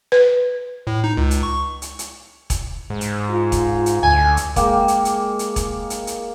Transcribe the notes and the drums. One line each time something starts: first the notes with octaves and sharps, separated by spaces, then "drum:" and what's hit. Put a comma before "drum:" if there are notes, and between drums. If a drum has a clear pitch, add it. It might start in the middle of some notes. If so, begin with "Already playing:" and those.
B4
A2
D#4
C#2
drum: hi-hat
C#6
drum: hi-hat
drum: hi-hat
drum: kick E1, hi-hat
G#2
drum: hi-hat
F4
drum: kick E1, hi-hat
drum: hi-hat
D2 G#5
drum: hi-hat
G#3 A#3 G4, drum: kick E1, hi-hat
drum: hi-hat
drum: hi-hat
drum: hi-hat
drum: kick E1, hi-hat
drum: hi-hat
drum: hi-hat